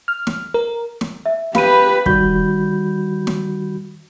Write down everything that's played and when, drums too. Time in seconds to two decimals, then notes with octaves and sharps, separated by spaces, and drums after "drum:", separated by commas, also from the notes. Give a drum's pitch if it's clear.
0.08 F6
0.27 drum: snare
0.54 A#4
1.01 drum: snare
1.26 E5
1.55 G4 B4 F5 B5 D#7, drum: snare
2.06 D#3 G3 F#4 B5 G6, drum: kick
3.27 drum: snare